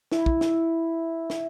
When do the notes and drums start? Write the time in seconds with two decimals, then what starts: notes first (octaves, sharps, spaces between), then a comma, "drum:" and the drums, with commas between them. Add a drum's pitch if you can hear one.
0.12 E4, drum: snare
0.26 drum: kick
0.41 drum: snare
1.30 drum: snare